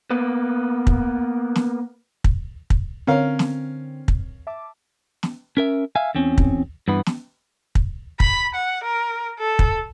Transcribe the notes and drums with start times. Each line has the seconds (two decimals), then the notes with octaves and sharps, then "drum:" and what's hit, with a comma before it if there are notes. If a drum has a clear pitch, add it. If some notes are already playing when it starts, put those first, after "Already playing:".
0.10 A#3 B3
0.87 drum: kick
1.56 drum: snare
2.24 drum: kick
2.70 drum: kick
3.07 D3 C4 C#4 A#4 F5
3.39 drum: snare
4.08 drum: kick
4.47 E5 A5 D6
5.23 drum: snare
5.57 C#4 A#4 E5
5.95 E5 F5 G#5
6.15 E2 C4 C#4
6.38 drum: kick
6.88 G2 E3 B3
7.06 drum: snare
7.75 drum: kick
8.20 B5, drum: kick
8.55 F#5
8.84 A#4
9.39 A4
9.59 drum: kick